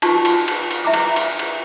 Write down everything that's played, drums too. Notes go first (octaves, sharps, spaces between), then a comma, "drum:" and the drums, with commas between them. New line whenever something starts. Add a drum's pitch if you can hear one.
D#4 F4 F#4 A5 C#6, drum: cymbal
drum: cymbal
drum: cymbal
drum: cymbal
E4 E5 A#5 B5 D6
drum: cymbal
drum: cymbal
drum: cymbal